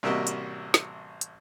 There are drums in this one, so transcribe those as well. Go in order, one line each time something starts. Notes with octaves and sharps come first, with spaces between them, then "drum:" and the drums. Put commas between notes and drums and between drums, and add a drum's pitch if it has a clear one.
A1 C3 G3 A#3 F#4 D#5
drum: hi-hat
drum: snare
drum: hi-hat